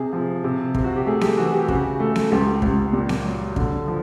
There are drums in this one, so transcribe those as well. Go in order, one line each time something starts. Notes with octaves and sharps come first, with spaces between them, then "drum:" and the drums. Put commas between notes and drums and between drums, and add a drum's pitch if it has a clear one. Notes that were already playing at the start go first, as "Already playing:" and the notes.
Already playing: C3 G#4
F3
C3
C3, drum: kick
F#4
G4
A3 G#4
G4, drum: snare B3
E3 F#4
G4
C#3 F#4, drum: kick
A3
drum: snare B3
C#2 G4
C#2, drum: kick
A#2 G4
drum: snare B3
F#3
D3, drum: kick
F3